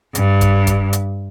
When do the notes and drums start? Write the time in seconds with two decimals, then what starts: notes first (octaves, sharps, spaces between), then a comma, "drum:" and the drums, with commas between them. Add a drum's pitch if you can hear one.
0.15 G2, drum: hi-hat
0.41 drum: kick D#1, hi-hat
0.67 drum: kick D#1, hi-hat
0.93 drum: hi-hat